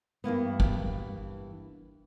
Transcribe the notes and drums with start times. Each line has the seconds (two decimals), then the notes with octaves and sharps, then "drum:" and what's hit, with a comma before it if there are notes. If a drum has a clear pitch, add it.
0.24 G2 E3 A#3 B3
0.60 drum: kick